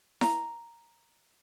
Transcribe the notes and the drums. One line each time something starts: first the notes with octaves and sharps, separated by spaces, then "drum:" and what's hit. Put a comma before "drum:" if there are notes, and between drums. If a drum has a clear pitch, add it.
A#5, drum: snare E4